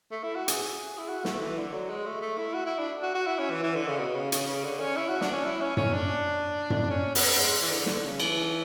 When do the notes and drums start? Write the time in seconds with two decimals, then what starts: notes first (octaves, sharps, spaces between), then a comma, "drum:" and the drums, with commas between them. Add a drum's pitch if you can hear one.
0.11 A3
0.23 E4
0.35 F#4
0.48 G#4, drum: hi-hat
0.98 E4
1.09 F#4
1.25 A3, drum: snare
1.41 E3
1.58 D3
1.73 F#3
1.90 G#3
2.06 A3
2.21 A3
2.38 E4
2.54 F#4
2.66 E4
2.79 D4
3.02 F#4
3.14 F#4
3.27 E4
3.39 C#4
3.50 E3
3.63 E3
3.75 D3
3.88 C#3
3.99 B2
4.16 C#3
4.32 C#3, drum: hi-hat
4.47 C#3
4.64 D3
4.80 C#4
4.96 E4
5.08 F#4
5.21 D4, drum: snare
5.33 C#4
5.45 E4
5.61 C#4
5.77 C#4, drum: tom F#2
5.93 D4
6.70 drum: tom F#2
6.90 C#4
7.15 B3, drum: open hi-hat
7.39 G#3
7.62 E3
7.71 D3
7.86 drum: snare
8.04 C#3
8.20 E3, drum: cymbal